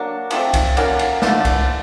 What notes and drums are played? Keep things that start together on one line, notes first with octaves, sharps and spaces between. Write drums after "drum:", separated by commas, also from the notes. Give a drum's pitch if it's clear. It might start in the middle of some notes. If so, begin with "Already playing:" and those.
Already playing: F#3 A#3 D4
F3 A3 C4, drum: cymbal
drum: kick C2, cymbal
F#3 A#3 C#4 F4, drum: cymbal
drum: cymbal
D3 F3 A3, drum: snare
drum: kick C2, cymbal